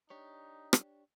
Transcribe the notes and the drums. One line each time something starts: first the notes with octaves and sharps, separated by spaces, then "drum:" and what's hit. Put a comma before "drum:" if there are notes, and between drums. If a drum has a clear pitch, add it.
D4 D#4 G4 C#5
drum: rim click